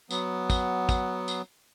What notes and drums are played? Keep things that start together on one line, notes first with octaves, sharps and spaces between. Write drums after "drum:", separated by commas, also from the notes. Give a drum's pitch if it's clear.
F#3 B3, drum: tambourine
drum: kick, tambourine
drum: kick, tambourine
drum: tambourine